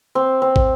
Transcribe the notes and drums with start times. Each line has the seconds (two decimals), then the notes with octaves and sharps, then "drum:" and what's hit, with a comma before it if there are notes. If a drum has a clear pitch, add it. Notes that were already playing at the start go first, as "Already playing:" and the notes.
0.15 C4
0.42 C4
0.56 drum: kick